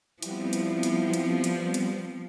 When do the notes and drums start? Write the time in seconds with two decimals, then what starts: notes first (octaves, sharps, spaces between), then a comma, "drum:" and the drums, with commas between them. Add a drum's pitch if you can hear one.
0.23 F3 G3 B3 C4 E4, drum: hi-hat
0.53 drum: hi-hat
0.83 drum: hi-hat
1.14 drum: hi-hat
1.44 drum: hi-hat
1.74 drum: hi-hat